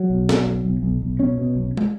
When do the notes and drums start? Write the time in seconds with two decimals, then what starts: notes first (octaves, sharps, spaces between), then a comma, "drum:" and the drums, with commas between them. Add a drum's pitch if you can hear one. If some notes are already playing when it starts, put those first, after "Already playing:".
Already playing: F#3
0.10 B1
0.29 B2, drum: snare
0.46 B1
0.65 B1
0.83 B1
1.02 B1
1.19 B2 C#4
1.38 B2
1.55 B1
1.77 drum: tom